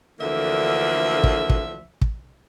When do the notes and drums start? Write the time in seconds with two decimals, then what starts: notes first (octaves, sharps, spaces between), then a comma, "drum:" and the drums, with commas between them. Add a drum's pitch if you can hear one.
0.20 D2 D3 E3 F3 A#3 E5
1.24 drum: kick
1.49 drum: kick
2.01 drum: kick